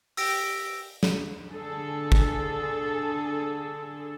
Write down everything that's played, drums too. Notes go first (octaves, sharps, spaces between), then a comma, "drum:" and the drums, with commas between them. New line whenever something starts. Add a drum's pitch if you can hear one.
G4 E6 A#6 D7, drum: open hi-hat
drum: snare
D3 G#4 A4
drum: kick